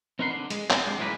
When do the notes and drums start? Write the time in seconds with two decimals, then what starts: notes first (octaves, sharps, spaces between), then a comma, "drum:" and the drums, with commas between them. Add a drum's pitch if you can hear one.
0.19 C4 D#4 A#4 B4 F#5 C6
0.30 D3
0.50 G#3, drum: hi-hat
0.70 C4, drum: clap
0.84 G#3 D4
0.98 F#2 A2 F3 G#3 A#3 B4